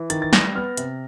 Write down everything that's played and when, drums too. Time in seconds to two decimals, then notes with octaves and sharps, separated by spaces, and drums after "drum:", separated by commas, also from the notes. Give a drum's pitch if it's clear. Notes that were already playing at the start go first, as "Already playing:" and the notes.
Already playing: E3
0.10 D#3 A6, drum: hi-hat
0.22 A6
0.33 G3 A#6, drum: snare
0.55 B3 F6
0.77 C3, drum: hi-hat